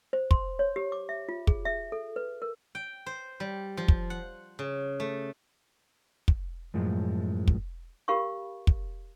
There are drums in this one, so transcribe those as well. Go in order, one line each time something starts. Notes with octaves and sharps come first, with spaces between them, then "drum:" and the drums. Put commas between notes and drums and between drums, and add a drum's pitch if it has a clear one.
C5
C6, drum: kick
C#5
G4
D6
E5
F4
G#4, drum: kick
E5
A4
B4
A#4
G5
C5
G3
F3
drum: kick
F#5
C#3
A3
drum: kick
F#2 A2 F3 G#3
drum: kick
G4 A#4 F5 B5 C#6
drum: kick